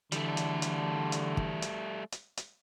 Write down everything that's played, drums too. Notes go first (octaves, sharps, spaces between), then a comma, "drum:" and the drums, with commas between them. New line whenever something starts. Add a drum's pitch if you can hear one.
D3 E3 G3 A3, drum: hi-hat
drum: hi-hat
drum: hi-hat
drum: hi-hat
drum: kick
drum: hi-hat
drum: hi-hat
drum: hi-hat